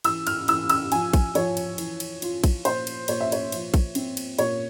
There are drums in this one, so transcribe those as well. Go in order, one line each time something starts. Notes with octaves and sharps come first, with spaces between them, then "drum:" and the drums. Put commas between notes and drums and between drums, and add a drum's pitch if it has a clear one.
E3 E6, drum: cymbal
F6, drum: cymbal
E3 E6, drum: cymbal
E6, drum: cymbal
F3 G#5, drum: cymbal
drum: kick A#1, cymbal
F3 C#5, drum: cymbal
drum: cymbal
E3, drum: cymbal
drum: cymbal
F4, drum: cymbal
drum: kick A#1, cymbal
A#2 C5, drum: cymbal
drum: cymbal
A#2 C#5, drum: cymbal
E5
C#5, drum: cymbal
F3, drum: cymbal
drum: kick A#1, cymbal
C4, drum: cymbal
drum: cymbal
A#2 C#5, drum: cymbal